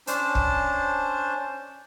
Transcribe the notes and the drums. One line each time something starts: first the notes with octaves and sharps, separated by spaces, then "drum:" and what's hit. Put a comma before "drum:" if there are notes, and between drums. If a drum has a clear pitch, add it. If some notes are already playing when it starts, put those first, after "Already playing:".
C#4 D4 C5 A5, drum: hi-hat
drum: kick